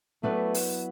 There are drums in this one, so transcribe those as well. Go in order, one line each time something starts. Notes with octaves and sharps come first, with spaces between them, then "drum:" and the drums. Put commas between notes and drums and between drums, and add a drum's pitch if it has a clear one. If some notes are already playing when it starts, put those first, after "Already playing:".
F#3 A3 B3 E4 B4 D5
drum: open hi-hat